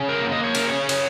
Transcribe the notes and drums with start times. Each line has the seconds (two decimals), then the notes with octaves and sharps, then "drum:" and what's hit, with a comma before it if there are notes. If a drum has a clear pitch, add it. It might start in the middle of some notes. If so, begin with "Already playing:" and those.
Already playing: C#3
0.09 A#4
0.21 A#3
0.32 D#5
0.44 C#5
0.55 C#3 A#4, drum: cymbal
0.67 C#5
0.89 F#3, drum: cymbal